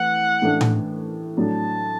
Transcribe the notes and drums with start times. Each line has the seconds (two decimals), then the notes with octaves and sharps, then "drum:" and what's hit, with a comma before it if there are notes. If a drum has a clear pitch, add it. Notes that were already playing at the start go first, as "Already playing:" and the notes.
Already playing: E3 A3 F#5
0.42 A2 E3 A3 D4
0.61 drum: tom A2
1.37 A2 F#3 D4 A5